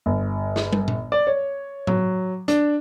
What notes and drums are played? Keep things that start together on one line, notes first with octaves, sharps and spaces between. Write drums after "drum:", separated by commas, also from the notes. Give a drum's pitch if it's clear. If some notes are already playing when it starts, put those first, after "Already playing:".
G1
drum: snare
drum: tom
drum: tom A#2
D5
C#5
F#3, drum: tom A2
D4, drum: hi-hat